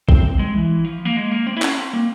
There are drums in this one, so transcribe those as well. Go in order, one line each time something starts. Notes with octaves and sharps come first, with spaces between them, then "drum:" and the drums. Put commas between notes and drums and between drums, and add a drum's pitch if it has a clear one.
C4, drum: kick A#1
G#3
E3
F3
A#3
G#3
A#3
C4
E4
C#4, drum: clap
C4
A#3